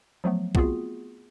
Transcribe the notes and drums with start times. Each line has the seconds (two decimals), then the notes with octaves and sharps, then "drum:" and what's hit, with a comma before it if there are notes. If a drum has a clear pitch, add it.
0.24 F3 F#3 A3 B3
0.55 A3 B3 C4 F4 F#4 G#4, drum: kick